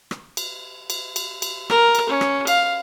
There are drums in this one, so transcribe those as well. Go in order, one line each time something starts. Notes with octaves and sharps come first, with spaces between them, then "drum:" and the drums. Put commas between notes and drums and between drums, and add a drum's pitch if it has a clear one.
drum: rim click
drum: cymbal
drum: cymbal
drum: cymbal
drum: cymbal
A#4, drum: rim click
drum: cymbal
C#4
drum: rim click
F5, drum: cymbal